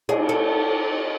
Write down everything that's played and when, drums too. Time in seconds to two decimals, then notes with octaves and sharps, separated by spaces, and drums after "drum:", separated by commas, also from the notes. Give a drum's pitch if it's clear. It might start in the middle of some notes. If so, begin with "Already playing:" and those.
0.09 G#4, drum: cymbal
0.29 A4